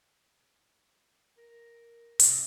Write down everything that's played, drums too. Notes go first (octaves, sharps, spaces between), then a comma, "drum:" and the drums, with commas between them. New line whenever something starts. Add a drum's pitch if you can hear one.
A#4
C3, drum: hi-hat